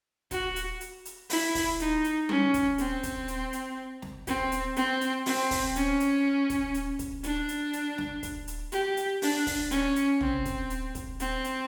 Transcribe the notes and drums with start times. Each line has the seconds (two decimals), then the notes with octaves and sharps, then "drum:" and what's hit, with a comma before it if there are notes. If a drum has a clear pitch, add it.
0.31 F#4, drum: kick, hi-hat
0.56 drum: hi-hat
0.81 drum: hi-hat
1.05 drum: hi-hat
1.30 E4, drum: open hi-hat
1.55 drum: kick, open hi-hat
1.79 D#4, drum: hi-hat
2.04 drum: hi-hat
2.29 C#4, drum: tom G3
2.54 drum: kick, hi-hat
2.78 C4, drum: hi-hat
3.03 drum: kick, hi-hat
3.28 drum: hi-hat
3.53 drum: hi-hat
4.02 drum: snare
4.27 C4, drum: kick, hi-hat
4.52 drum: hi-hat
4.76 C4, drum: hi-hat
5.01 drum: hi-hat
5.26 C4, drum: open hi-hat
5.51 drum: kick, open hi-hat
5.75 C#4, drum: hi-hat
6.00 drum: hi-hat
6.50 drum: kick, hi-hat
6.74 drum: hi-hat
6.99 drum: kick, hi-hat
7.23 D4, drum: hi-hat
7.49 drum: hi-hat
7.73 drum: hi-hat
7.98 drum: snare
8.23 drum: kick, hi-hat
8.48 drum: hi-hat
8.72 G4, drum: hi-hat
8.97 drum: hi-hat
9.22 D4, drum: open hi-hat
9.46 drum: kick, open hi-hat
9.71 C#4, drum: hi-hat
9.96 drum: hi-hat
10.21 C4, drum: tom
10.45 drum: kick, hi-hat
10.70 drum: hi-hat
10.95 drum: kick, hi-hat
11.20 C4, drum: hi-hat
11.44 drum: hi-hat